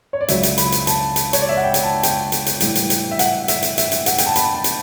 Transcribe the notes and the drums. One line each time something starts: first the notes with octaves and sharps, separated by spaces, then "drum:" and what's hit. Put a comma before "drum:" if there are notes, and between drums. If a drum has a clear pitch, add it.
C#5
D5
C#2 C#3 F#3 E5, drum: hi-hat
drum: hi-hat
B5, drum: hi-hat
drum: hi-hat
A5, drum: hi-hat
drum: hi-hat
C#5, drum: hi-hat
D5
E5
F#5
G5
drum: hi-hat
A5
G5, drum: hi-hat
drum: hi-hat
drum: hi-hat
A2 E3 G3, drum: hi-hat
drum: hi-hat
drum: hi-hat
E5
F#5, drum: hi-hat
E5, drum: hi-hat
drum: hi-hat
E5, drum: hi-hat
drum: hi-hat
F#5, drum: hi-hat
G5, drum: hi-hat
A5
B5, drum: hi-hat
A5
drum: hi-hat